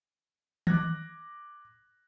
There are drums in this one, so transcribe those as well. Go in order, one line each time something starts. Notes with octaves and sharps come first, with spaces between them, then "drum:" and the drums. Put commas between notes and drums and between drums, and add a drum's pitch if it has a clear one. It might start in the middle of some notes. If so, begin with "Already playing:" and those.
D6 F#6 G#6 A#6, drum: tom D#3